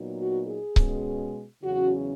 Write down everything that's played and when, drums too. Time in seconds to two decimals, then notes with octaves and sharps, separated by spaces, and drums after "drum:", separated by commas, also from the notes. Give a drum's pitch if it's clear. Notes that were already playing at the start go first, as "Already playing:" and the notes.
Already playing: A#2 F#3 B3 D#4
0.20 F#4
0.48 G#4
0.76 B2 G#3 C#4, drum: kick C#1
1.62 E2 C#3 F#3 C#4 F#4